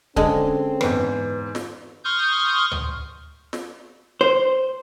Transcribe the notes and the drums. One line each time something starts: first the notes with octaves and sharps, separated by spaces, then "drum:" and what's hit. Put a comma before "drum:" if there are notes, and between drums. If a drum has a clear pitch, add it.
D3 G#3 C4 C#4 A4, drum: kick C#1
E2 G#2 B4, drum: rim click
drum: snare
C6 C#6 D#6 F6 G6
drum: tom D2
drum: snare
C5